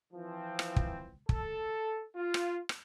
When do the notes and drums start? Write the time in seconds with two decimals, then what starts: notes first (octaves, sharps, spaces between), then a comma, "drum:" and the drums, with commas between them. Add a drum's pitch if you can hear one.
0.13 E3 F3 C4
0.59 drum: rim click
0.76 drum: kick
1.29 A4, drum: kick
2.15 F4
2.34 drum: rim click
2.69 drum: rim click